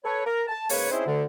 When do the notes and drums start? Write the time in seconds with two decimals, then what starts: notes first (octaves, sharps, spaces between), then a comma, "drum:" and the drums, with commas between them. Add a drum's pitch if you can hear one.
0.04 A4 B4 C#5
0.24 A#4
0.47 A5
0.69 G#2 C#3 A#3 B4 C#5, drum: open hi-hat
0.90 C4 C#4 D#4 E4 G#4 C5
1.05 D2 D3